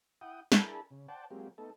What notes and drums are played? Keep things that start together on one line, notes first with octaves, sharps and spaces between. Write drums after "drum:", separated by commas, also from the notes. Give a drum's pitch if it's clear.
E4 F#5 G5 D#6
D4 E4 G#4 A#4 A5 B5, drum: snare
C#3
C5 D5 F#5 G5 A5
F#3 G#3 A#3 C4 F4 G4
A3 B3 D#4 A4